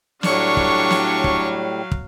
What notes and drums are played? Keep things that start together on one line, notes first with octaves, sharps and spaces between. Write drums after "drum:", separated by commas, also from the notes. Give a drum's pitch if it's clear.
A2 F#3 G3 D4 C#5 F5 C#6, drum: snare
drum: kick
drum: snare
drum: kick
drum: kick